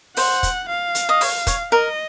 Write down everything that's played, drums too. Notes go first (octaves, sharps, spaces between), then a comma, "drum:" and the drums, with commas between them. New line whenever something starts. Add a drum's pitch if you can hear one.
C5 F#5, drum: open hi-hat
drum: kick, hi-hat
F5
drum: hi-hat
D#5
C#5, drum: open hi-hat
C#5, drum: kick, hi-hat
A#4 D#5